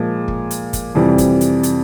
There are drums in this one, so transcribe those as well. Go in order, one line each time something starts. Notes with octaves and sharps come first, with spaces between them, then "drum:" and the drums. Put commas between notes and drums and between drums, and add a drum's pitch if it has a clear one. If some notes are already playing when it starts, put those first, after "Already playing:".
Already playing: A#2 F3 G#3
drum: kick
drum: hi-hat
drum: kick, hi-hat
F2 C3 E3 G3
drum: kick, hi-hat
drum: hi-hat
drum: hi-hat